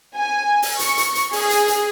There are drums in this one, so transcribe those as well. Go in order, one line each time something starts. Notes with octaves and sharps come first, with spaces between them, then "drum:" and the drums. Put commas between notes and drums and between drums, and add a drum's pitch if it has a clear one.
G#5
drum: open hi-hat
C#6, drum: hi-hat
drum: hi-hat
drum: hi-hat
G#4, drum: open hi-hat
drum: hi-hat
drum: hi-hat